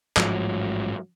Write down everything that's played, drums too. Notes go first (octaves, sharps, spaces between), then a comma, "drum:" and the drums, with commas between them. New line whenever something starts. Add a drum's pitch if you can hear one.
A1 G#2 F3 F#3, drum: clap